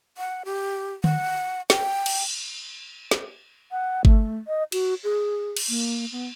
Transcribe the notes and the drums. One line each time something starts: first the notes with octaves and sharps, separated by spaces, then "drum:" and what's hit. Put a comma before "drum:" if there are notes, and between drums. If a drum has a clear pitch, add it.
F#5
G4
F#5, drum: tom D3
G5, drum: snare
drum: cymbal
drum: snare
F#5
A3, drum: kick G1
D#5
F#4, drum: cymbal
G#4
drum: cymbal
A#3
B3